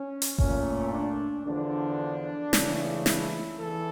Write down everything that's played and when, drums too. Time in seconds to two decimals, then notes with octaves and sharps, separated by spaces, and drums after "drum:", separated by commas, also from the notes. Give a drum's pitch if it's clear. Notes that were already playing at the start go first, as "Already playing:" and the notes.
Already playing: C#4
0.22 drum: hi-hat
0.38 A#2 A3 C#4, drum: kick G1
0.91 D4
1.45 E2 D3 F3 D4
2.53 C#2 C#3 E3 A3, drum: snare
3.06 E4, drum: snare
3.59 E2 E3 A4